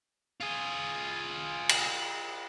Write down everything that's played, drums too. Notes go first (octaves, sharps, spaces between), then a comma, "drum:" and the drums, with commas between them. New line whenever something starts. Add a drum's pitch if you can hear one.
F4 G#4
drum: cymbal